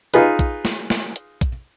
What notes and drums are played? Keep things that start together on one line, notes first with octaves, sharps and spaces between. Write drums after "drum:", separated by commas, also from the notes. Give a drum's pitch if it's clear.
D#4 F4 G#4 B4, drum: hi-hat
drum: kick A#1, hi-hat
drum: snare
drum: snare
drum: hi-hat
drum: kick A#1, hi-hat